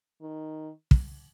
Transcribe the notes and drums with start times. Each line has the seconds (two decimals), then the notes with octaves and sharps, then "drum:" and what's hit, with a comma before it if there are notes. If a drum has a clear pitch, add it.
0.21 D#3
0.91 drum: kick